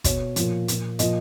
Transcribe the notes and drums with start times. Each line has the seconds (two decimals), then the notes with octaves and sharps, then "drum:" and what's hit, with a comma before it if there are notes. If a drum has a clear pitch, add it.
0.04 B2 C#5, drum: kick, hi-hat
0.36 A#2 F3, drum: hi-hat
0.68 A#2 F3, drum: hi-hat
0.99 A#2 F3 D#5, drum: hi-hat